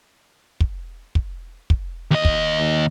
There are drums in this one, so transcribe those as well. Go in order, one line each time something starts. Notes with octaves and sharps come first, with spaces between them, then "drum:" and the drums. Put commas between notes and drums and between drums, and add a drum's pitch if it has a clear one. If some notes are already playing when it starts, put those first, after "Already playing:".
drum: kick
drum: kick
drum: kick
D#2 D#5
drum: kick